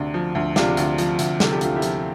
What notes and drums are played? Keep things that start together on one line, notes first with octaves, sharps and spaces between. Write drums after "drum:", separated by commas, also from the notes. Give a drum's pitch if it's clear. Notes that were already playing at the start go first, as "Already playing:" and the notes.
Already playing: D2 C3 D4
F3
D2
C3 D4 F4, drum: snare
D2, drum: hi-hat
F3, drum: hi-hat
D2, drum: hi-hat
C3 A4, drum: snare
G4
D2 F4, drum: hi-hat
E4 G4
F3, drum: hi-hat